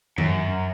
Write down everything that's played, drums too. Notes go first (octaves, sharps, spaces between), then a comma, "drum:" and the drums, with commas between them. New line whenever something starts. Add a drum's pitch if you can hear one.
F#2, drum: tom G2